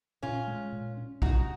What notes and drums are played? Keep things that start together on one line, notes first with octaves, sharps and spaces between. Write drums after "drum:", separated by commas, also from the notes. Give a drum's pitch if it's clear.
A#2 C#4 F4
G#3
A#2
C#4
F#3 D#4 F#4, drum: kick A#1